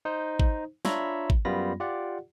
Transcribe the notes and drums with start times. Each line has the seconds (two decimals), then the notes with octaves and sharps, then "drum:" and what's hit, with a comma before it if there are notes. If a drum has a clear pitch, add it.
0.05 D#4 C5
0.40 drum: kick G#1
0.85 D4 F4 C#5 E5 A#5 B5, drum: snare
1.30 drum: kick G#1
1.45 F#2 G3 B3 F4 B5 A#6
1.80 F4 G4 D5 F#5